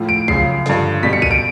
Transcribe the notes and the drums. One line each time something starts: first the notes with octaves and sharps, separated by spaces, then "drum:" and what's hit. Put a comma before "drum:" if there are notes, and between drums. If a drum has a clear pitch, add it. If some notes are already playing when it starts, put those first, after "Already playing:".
Already playing: A2 F3
D7
F#2 C#3 F3 C7, drum: kick
G2 D3 F3, drum: snare
B2 G3 B6
C#7
D#7, drum: kick
D7